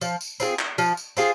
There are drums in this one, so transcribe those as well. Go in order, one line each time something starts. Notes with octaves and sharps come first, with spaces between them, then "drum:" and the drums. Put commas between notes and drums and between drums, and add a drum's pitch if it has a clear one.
F3, drum: tambourine
drum: tambourine
C4 F4 G#4, drum: tambourine
drum: clap
F3, drum: tambourine
drum: tambourine
C4 F4 G#4, drum: tambourine